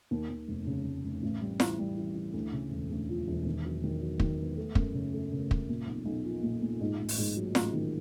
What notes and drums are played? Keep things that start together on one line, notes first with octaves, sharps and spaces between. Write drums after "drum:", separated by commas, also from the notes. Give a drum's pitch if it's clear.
D#2
D#2
F1
C#3
F1
F1
A1
G3
E3, drum: snare
G3
E3
E3
D2
C#3
E1
D2
F3
E1
D#3
F#3
D#3
F#3
D#3, drum: kick
B3
A3
F#2, drum: kick
C#3
A3
C#3
C#3, drum: kick
A#2
B1
B1
F3
A#2
A#2
G#2
A1
drum: open hi-hat
G#2
F#3
A1, drum: snare
D#3